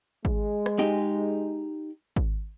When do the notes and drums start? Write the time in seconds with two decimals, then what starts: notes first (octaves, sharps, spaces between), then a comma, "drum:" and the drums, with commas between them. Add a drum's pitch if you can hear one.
0.25 G#3, drum: kick G#1
0.66 drum: rim click
0.79 D#4 G4
2.16 drum: kick G#1